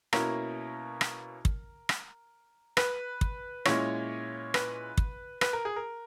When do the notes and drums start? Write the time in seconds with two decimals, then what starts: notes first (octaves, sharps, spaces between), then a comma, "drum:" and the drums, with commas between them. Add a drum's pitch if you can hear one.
0.13 B2 A#3 C#4 E4 A#4, drum: rim click
1.01 drum: rim click
1.45 drum: kick
1.89 drum: rim click
2.77 B4, drum: rim click
3.21 drum: kick
3.65 A#2 G#3 C#4 E4 C#5, drum: rim click
4.54 B4, drum: rim click
4.98 drum: kick
5.41 B4, drum: rim click
5.53 A#4
5.65 G#4
5.76 A#4